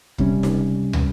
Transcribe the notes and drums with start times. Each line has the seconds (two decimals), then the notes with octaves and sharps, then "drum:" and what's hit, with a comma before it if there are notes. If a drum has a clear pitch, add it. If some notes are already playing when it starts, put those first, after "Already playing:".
0.18 C#2 C3 G3 C#4, drum: kick
0.43 drum: snare D#4
0.93 drum: tom